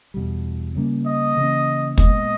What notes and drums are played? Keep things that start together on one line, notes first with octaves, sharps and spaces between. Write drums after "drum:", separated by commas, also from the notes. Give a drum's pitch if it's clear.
E2 B2 G3
C#3 G3 A#3 C#4
D#5
C#3 E3 A#3 C#4
A#2 G#3 B3 D#5, drum: kick